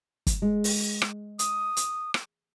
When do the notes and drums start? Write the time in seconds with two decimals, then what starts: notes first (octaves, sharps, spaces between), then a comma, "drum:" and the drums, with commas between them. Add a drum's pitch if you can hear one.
0.27 drum: kick, hi-hat
0.42 G#3
0.64 drum: open hi-hat
1.02 drum: rim click
1.39 D#6, drum: hi-hat
1.77 drum: hi-hat
2.14 drum: rim click